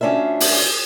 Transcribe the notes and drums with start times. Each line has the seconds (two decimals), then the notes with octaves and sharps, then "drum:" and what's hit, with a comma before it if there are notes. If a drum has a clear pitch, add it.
0.01 D2 C#4 D4 F4 E5
0.40 drum: open hi-hat